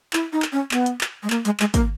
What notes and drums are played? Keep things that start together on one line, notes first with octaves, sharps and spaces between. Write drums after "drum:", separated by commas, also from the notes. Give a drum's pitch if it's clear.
E4, drum: clap
D#4
drum: clap
C#4
B3, drum: clap
drum: hi-hat
drum: clap
G#3
A#3, drum: clap
G#3, drum: hi-hat
G#3, drum: clap
A#3, drum: kick, hi-hat